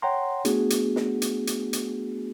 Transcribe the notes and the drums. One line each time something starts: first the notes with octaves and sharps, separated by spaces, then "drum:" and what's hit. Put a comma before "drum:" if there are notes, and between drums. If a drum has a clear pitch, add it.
C#5 F#5 G5 A#5 C6
A3 B3 D4 F#4 G#4, drum: hi-hat
drum: hi-hat
drum: snare
drum: hi-hat
drum: hi-hat
drum: hi-hat